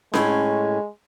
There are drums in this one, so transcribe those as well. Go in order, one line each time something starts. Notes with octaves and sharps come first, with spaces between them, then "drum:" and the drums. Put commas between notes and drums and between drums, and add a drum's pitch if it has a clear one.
A2 G#3 C#4, drum: snare C#4